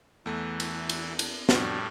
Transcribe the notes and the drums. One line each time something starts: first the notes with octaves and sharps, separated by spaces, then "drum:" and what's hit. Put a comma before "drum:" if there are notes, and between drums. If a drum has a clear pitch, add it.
E2 E3 A3
drum: cymbal
drum: cymbal
drum: cymbal
F2 A2 G3 D4 F#4, drum: snare